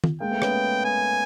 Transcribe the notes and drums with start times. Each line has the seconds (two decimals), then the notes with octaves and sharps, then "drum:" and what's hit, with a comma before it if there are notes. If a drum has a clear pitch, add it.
0.04 drum: tom D#3
0.20 G#3 A#3 G5
0.31 A3 B3
0.42 B3 C#4, drum: rim click
0.85 G#5